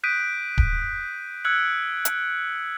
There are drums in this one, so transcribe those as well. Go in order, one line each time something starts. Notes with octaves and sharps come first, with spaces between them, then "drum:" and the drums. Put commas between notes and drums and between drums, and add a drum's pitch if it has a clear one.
D#6 F#6 G6 B6 D7 D#7
drum: kick D1
E6 F#6 G#6 C#7 F#7
drum: hi-hat